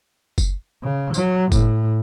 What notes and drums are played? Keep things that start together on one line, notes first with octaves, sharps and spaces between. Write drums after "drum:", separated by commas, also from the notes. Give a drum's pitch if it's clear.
drum: kick F#1, tambourine
C#3
F#3, drum: tambourine
A2, drum: kick F#1, tambourine